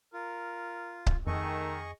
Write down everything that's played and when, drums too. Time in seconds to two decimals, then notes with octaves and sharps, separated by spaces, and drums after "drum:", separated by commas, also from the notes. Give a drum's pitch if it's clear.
0.14 F4 A#4
1.06 drum: kick C#1
1.27 F2 D#3 A3 G#4 D#5 C#6